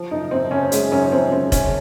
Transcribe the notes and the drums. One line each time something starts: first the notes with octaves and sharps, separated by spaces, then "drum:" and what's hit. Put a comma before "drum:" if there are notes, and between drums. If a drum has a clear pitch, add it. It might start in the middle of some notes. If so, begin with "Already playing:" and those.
Already playing: F3
F#2 D#4
F#2 C4
F#2 C#4
G#3, drum: hi-hat
F#2 C#4
F3 C4
F#2 C4
C#3 C#4, drum: kick F1, hi-hat